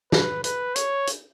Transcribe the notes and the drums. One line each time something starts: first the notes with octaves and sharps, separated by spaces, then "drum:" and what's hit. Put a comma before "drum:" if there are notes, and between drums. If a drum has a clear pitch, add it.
B4, drum: snare
B4, drum: hi-hat
C#5, drum: hi-hat
drum: hi-hat